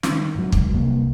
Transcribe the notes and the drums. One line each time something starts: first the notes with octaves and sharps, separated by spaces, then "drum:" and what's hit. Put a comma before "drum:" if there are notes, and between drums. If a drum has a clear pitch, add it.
D#3, drum: snare
G#2 F#3
drum: kick
C2 A#3